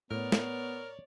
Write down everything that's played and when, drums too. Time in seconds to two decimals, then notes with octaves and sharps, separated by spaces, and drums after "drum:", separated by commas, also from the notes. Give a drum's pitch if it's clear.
0.11 A2 B3 A#4 C#5 D5
0.32 drum: snare